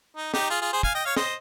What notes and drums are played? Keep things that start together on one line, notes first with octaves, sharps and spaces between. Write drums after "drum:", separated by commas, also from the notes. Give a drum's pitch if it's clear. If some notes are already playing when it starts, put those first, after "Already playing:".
D#4
D#4 G4, drum: snare
F4 G#4
F4 G#4
G#4 C5
F5 G#5, drum: kick
D#5 G5
C#5 F5
C5 D#5, drum: snare